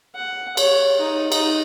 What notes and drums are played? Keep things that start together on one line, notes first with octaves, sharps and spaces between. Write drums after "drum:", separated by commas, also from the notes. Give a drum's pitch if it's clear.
F#5
C#5, drum: cymbal
D#4
D#4, drum: cymbal